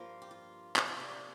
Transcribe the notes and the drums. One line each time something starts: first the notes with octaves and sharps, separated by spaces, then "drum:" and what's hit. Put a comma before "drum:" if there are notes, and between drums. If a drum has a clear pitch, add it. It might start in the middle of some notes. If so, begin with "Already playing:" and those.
Already playing: G2 F3 A#3 F4
G4
F4
C3 A#3 D4, drum: clap
F4
D4